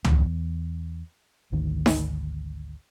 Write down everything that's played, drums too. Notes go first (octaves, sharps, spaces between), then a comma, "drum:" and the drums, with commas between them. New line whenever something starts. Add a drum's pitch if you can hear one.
E2, drum: tom C#2
G#1 D2 D#3
drum: snare D#4